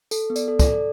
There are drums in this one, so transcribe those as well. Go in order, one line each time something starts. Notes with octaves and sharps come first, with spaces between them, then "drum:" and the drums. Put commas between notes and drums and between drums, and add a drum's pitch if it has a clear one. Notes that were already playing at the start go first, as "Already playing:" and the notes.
A4, drum: tambourine
B3
D5, drum: tambourine
A4
D5, drum: kick, tambourine
A4